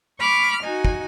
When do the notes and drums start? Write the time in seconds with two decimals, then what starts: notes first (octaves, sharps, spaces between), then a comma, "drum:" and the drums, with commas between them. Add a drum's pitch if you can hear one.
0.19 B5 C#6 D6 F6
0.63 D#4 F#4 G#5
0.85 drum: kick